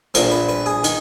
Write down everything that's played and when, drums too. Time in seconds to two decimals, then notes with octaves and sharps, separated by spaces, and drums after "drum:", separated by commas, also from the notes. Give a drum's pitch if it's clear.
0.14 A#1 A#2 F3 A#4, drum: hi-hat
0.31 B4
0.49 B4
0.66 G#4
0.84 D#3, drum: hi-hat